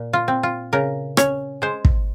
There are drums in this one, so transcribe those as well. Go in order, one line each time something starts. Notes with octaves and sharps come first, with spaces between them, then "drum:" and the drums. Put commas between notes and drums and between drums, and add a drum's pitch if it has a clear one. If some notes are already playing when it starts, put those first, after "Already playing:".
Already playing: A#2
F4
C4
F4
C#3 A#4
C#4 C#5, drum: rim click
G#3 C5
drum: kick